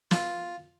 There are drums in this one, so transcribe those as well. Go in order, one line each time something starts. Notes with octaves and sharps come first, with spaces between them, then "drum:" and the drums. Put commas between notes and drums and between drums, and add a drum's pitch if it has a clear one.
F4, drum: snare